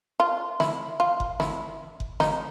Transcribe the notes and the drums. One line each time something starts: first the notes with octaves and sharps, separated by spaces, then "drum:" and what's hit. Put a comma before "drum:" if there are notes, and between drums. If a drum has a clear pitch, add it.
F4
E4, drum: snare
F4
drum: kick F#1
E4, drum: snare
drum: kick F#1
D#4, drum: snare